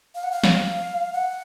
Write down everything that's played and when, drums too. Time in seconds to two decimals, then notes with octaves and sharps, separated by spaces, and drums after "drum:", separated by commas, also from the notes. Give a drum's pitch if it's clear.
0.15 F5
0.23 F#5
0.32 F5
0.44 drum: snare
1.13 F#5